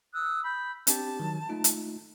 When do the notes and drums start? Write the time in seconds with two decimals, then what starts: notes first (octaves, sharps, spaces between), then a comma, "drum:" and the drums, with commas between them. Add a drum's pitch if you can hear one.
0.14 D#6 E6 F#6
0.44 B5 G6
0.87 C4 D4 G4 A5, drum: hi-hat
1.20 D#3 F#3
1.49 A3 D#4 F4
1.64 drum: hi-hat